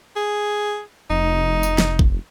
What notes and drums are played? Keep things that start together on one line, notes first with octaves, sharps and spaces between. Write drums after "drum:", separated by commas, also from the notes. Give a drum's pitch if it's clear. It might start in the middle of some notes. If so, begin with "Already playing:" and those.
G#4
F1 D#4
drum: tambourine
drum: snare
drum: kick A1